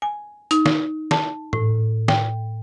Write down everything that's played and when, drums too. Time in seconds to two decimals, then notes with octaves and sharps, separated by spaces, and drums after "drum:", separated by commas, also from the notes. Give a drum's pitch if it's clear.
0.02 G#5
0.51 D#4, drum: hi-hat
0.66 drum: snare
1.11 A5, drum: snare
1.53 A2, drum: tom G#2
2.08 G5, drum: snare